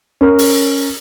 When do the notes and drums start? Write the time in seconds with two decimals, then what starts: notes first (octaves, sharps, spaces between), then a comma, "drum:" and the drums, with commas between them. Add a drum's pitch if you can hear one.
0.21 C#4 A#4
0.39 drum: open hi-hat